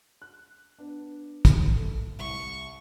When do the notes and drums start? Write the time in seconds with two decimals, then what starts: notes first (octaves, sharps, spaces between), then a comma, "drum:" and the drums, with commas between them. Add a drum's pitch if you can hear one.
0.22 F#6
0.79 B3 D4
1.45 drum: kick, hi-hat
1.76 A3 A4
2.19 C2 C#6